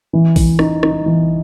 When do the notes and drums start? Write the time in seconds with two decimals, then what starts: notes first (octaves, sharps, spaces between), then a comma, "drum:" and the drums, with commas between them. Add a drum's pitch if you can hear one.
0.13 E3
0.36 E3, drum: kick A#1, open hi-hat
0.59 D#4, drum: rim click
0.83 D#4, drum: rim click
1.06 E3